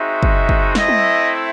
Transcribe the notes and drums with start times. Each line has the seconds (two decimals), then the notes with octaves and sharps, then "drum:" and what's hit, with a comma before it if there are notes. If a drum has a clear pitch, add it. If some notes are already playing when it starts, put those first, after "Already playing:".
Already playing: G#3 C4 D#4 F#4 E5
0.23 drum: kick
0.49 drum: kick
0.75 A3 C4 E4 D#5, drum: snare
0.88 drum: tom